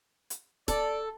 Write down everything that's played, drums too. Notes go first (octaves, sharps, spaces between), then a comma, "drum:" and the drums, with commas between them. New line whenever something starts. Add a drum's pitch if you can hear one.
drum: hi-hat
A4 D5, drum: kick C#1, hi-hat